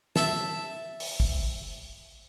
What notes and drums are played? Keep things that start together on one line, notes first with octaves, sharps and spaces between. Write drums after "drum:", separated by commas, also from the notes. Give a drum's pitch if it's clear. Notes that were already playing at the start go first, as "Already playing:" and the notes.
E5 A5, drum: snare
drum: open hi-hat
drum: kick